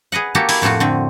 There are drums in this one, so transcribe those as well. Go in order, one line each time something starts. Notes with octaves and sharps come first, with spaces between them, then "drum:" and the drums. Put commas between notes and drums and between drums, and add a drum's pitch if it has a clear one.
G#4 B4 D#5 F#5
A#3 F#4 G4 A4
E4, drum: open hi-hat
F2 A2 A3 F4 F#4
D3 C4